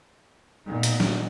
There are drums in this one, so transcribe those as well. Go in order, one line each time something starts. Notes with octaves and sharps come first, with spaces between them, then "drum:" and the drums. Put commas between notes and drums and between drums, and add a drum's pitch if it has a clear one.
A#2 A3 B3 D#4
drum: hi-hat
drum: snare